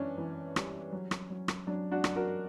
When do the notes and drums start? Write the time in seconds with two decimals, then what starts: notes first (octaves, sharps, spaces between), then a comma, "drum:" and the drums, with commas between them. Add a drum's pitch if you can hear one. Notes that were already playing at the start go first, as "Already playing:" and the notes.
Already playing: F#2 E3 C#4 D4 C#5
0.18 E3
0.56 G3, drum: rim click
0.92 F#3
1.11 drum: rim click
1.30 F#3
1.48 drum: rim click
1.67 F#3 D4
1.91 D4 F#4
2.04 F#3, drum: rim click
2.16 F#4 A#4